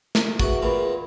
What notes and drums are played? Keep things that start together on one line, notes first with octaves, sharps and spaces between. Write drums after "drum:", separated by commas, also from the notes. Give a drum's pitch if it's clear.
drum: snare
F#4 G#4 B4 E5, drum: kick
E2 A#2 G#4 B5